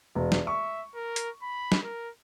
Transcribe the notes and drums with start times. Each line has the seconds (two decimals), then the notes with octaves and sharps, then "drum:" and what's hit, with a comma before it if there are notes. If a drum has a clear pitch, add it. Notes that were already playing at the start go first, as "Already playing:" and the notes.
0.15 E1
0.32 drum: snare
0.47 E5 C#6
0.95 A#4
1.16 drum: hi-hat
1.42 B5
1.72 drum: snare
1.82 A#4